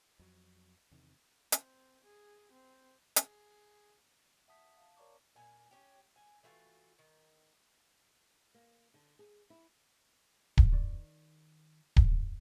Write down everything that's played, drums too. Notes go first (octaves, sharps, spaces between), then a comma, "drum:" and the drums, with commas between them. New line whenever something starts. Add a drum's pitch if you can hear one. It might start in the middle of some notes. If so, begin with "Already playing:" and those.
F2 F#3
E2 C3 D#3
C4, drum: hi-hat
G#4
C4
G#4, drum: hi-hat
E5 F#5 A5 D#6 B6
F5 A5
A#4 C#5 D5 A#5 C#6 D6
A#2 G#5
C#4 G4
G#5
E3 A3 F4 F#4
D#3
A#3
D3
G#4
E4
drum: kick D1
D#3 D5
drum: kick D1